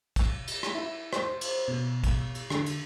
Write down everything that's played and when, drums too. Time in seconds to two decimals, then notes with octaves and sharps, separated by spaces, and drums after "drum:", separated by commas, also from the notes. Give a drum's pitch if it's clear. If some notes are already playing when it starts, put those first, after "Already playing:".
0.16 drum: kick, cymbal
0.47 drum: cymbal
0.63 drum: rim click
0.75 E4
1.13 C5, drum: rim click
1.41 drum: cymbal
1.68 B2
2.04 drum: kick, cymbal
2.35 drum: cymbal
2.50 D3, drum: rim click
2.66 drum: cymbal